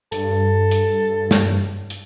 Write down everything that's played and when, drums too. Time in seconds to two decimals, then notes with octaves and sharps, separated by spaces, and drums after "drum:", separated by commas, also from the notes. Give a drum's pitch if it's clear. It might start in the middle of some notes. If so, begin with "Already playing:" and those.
0.12 G2 A4, drum: hi-hat
0.71 drum: hi-hat
1.31 drum: snare
1.90 drum: hi-hat